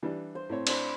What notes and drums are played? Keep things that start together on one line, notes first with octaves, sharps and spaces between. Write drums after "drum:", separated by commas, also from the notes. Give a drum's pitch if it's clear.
E3 G3 D4
C5
A2 C4 C#5
D4 C5 B5, drum: cymbal